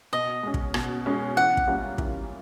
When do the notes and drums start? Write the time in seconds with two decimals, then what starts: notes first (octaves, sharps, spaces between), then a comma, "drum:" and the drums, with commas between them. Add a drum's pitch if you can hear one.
0.13 B2 D#5
0.43 G#3 C#4
0.54 drum: kick
0.74 B2, drum: rim click
1.06 G#3 C#4
1.36 E3 F#5
1.57 drum: kick
1.68 G3 A#3 C#4 F4
1.98 E3, drum: kick